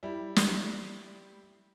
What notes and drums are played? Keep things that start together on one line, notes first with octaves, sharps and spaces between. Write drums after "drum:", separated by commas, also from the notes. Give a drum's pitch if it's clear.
G3 E4
drum: snare